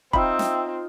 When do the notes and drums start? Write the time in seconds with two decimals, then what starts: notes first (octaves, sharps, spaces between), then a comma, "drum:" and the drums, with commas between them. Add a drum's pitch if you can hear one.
0.13 C4 D#4 F4 D#5 E5 G5 B5 E6, drum: kick E1
0.39 drum: snare